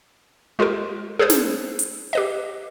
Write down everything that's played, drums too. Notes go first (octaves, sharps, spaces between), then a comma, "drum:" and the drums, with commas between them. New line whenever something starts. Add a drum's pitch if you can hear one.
G#3 F4 G4 A4 A#4
G#4 A4 B4 C5
drum: snare
drum: hi-hat
G4 B4 D#5